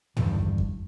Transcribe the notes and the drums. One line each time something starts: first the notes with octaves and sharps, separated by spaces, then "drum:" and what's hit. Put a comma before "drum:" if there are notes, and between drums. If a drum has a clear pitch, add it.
E2 G2 D3 D#3, drum: tom
drum: kick F2